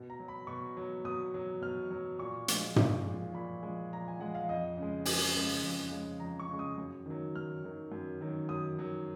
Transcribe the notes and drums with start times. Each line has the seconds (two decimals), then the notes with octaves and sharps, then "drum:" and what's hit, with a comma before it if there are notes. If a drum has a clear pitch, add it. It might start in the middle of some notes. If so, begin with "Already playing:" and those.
Already playing: B2
0.10 A#5
0.20 F#3
0.28 B5
0.47 B2 C#6
0.77 F#3
1.04 B2 D#6
1.34 F#3
1.62 B2 F6
1.91 F#3
2.19 A#2 C#6
2.48 F3 G#3, drum: hi-hat
2.76 A#2, drum: tom
3.05 G#3
3.10 F3
3.33 A#2 B5
3.63 F3 G#3
3.91 A#2 A#5
4.08 G#5
4.19 F3 G#3 F#5
4.35 F5
4.49 F2 D#5
4.77 C#3
4.82 G#3
5.05 F2 G#5, drum: open hi-hat
5.34 C#3 G#3
5.62 F2
5.92 C#3 G#3
6.20 F2 A#5
6.39 C#6
6.48 C#3 G#3
6.59 D#6
6.77 F#2
7.06 D#3 F#3
7.35 F#2 F6
7.64 D#3 F#3
7.92 F#2
8.21 D#3 F#3
8.49 F#2 D#6
8.79 D#3 F#3